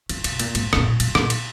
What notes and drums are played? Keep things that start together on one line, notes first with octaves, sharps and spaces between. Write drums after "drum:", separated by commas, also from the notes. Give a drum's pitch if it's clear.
C#3, drum: cymbal
B2, drum: cymbal
A#2, drum: cymbal
G#2, drum: cymbal
G#2, drum: rim click
A#2
A#2, drum: cymbal
A#2, drum: rim click
drum: cymbal